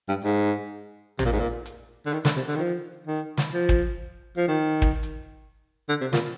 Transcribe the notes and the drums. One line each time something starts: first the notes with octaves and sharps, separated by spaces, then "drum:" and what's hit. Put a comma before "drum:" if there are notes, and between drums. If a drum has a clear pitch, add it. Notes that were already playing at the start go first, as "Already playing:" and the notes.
G2
G#2
C3, drum: tom A1
A#2
G#2
A#2
drum: hi-hat
D3
D#3
D3, drum: snare
C3
D3
D#3
F3
D#3
drum: snare
F3
drum: kick
F3
D#3
drum: kick
drum: hi-hat
D3
C3
A#2, drum: snare